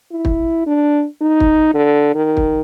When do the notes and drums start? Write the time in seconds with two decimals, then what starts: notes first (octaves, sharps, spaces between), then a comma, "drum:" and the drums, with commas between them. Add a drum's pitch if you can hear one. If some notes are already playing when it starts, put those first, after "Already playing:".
0.11 E4
0.25 drum: kick
0.66 D4
1.21 D#4
1.40 drum: kick
1.74 D3
2.15 D#3
2.37 drum: kick